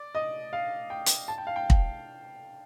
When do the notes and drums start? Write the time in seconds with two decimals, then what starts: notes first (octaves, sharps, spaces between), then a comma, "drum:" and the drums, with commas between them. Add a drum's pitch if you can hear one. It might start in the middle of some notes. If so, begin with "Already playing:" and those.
Already playing: D5
0.15 D#5
0.53 F5
0.90 G5
1.06 drum: hi-hat
1.28 A5
1.38 G5
1.47 F5
1.56 G5
1.70 drum: kick